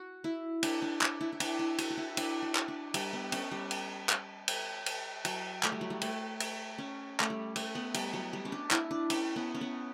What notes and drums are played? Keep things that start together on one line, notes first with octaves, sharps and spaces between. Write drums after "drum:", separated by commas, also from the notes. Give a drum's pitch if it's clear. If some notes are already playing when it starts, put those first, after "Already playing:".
Already playing: F#4
E4
D4, drum: cymbal
D4
D4, drum: clap
E4
E4
D4, drum: cymbal
E4
F#4, drum: cymbal
F#4
E4
D4, drum: cymbal
F#4
drum: clap
D4
G3, drum: cymbal
B3
C#4, drum: cymbal
G3
drum: cymbal
drum: clap
drum: cymbal
drum: cymbal
F#3, drum: cymbal
A3, drum: clap
G3
F#3
G3
A3, drum: cymbal
drum: cymbal
C#4
A3, drum: clap
G3
A3, drum: cymbal
B3
G3, drum: cymbal
F#3
G3
C#4
D4
E4, drum: clap
D4
C#4, drum: cymbal
B3
C#4
B3